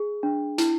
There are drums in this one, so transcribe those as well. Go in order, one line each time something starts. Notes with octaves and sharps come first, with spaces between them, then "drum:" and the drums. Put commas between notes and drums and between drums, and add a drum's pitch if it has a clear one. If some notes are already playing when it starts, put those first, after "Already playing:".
Already playing: G#4
D4
E4, drum: hi-hat